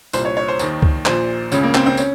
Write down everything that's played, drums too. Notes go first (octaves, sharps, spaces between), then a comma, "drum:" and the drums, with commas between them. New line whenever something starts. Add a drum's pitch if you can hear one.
C2 A#2 C5, drum: tambourine
C#5
C#5
C5
D#2 D#3, drum: tambourine
drum: kick C#2
A#1 A#2 C5, drum: clap
C#2 C#3 C#4, drum: tambourine
A#3
C4, drum: clap
C4
C#4, drum: tambourine